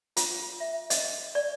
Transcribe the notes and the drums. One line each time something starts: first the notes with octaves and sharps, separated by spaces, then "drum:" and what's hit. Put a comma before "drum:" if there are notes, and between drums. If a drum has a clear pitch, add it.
F4, drum: hi-hat
E5
D#5, drum: hi-hat
D5